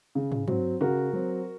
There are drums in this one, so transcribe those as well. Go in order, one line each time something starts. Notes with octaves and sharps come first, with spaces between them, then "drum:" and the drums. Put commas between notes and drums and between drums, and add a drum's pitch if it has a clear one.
C#3
drum: tom
F#3 C4, drum: tom
C#3 F#4 A#4
F#3 C4